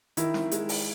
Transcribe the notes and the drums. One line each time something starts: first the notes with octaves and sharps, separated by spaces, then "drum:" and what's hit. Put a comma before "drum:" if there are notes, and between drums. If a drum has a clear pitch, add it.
D#3 E4, drum: hi-hat
drum: snare
G#3, drum: hi-hat
drum: open hi-hat